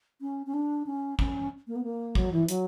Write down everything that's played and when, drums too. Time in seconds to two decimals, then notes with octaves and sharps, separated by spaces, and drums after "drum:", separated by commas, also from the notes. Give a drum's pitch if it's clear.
0.21 C#4
0.47 C#4
0.54 D4
0.86 C#4
1.19 C#4, drum: kick
1.67 A#3
1.76 B3
1.84 A#3
2.15 F#3, drum: kick
2.32 E3
2.48 F#3, drum: hi-hat